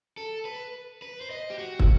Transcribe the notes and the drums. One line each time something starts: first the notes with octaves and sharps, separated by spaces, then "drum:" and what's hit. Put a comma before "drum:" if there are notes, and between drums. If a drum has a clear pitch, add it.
A4
B4
B4
C5
D#5
G4
F#4
drum: kick